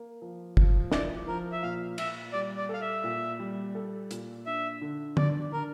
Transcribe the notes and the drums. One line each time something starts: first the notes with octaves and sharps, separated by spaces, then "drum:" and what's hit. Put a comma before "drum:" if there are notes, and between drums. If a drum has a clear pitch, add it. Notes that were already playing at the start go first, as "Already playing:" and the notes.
Already playing: A#3
F3
F3, drum: kick
E4 D5, drum: snare
F3 A#4
E5
A#2 F5
A#2 E5, drum: cymbal
G3 D5
D5
A4 F5
E5
A#2
G3
A4
A#2, drum: hi-hat
D4 E5
D3
D4 D5, drum: tom
D4 A#4